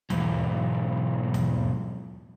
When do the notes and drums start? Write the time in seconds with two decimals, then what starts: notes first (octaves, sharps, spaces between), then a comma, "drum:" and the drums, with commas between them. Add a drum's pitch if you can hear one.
0.10 B1 G#2, drum: tom D#2
1.34 drum: tom D#2